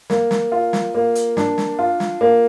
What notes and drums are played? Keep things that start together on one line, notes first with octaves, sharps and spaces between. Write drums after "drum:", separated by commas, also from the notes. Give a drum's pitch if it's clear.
A#3, drum: snare
drum: snare
F4
drum: snare
A#3
drum: hi-hat
D4, drum: snare
drum: snare
F4
drum: snare
A#3